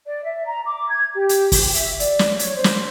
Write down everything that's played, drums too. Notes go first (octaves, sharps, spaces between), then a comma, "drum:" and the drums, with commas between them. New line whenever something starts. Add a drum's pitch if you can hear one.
D5
E5
A#5
D6
G#6
G4
drum: hi-hat
drum: kick, open hi-hat
G5
E5, drum: hi-hat
D5, drum: hi-hat
drum: snare
C#5, drum: hi-hat
C5
drum: snare